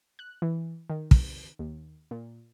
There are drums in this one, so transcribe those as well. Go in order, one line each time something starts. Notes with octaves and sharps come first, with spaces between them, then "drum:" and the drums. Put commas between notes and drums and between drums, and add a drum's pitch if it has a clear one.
F#6
E3
D#3
drum: kick
D#2
A#2